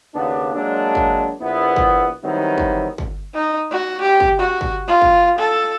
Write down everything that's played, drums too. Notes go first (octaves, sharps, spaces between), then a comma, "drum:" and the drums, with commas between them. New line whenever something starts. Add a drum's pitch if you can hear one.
D#2 C#3 B3 D4
F#3 G#3 A#3 D4
drum: kick
A#1 B3 E4
drum: kick
D#3 F#3 G3 B3 C4 E4
drum: kick
drum: kick
D#4
F#4
G4
drum: kick
F#4
drum: kick
F4
drum: kick
A4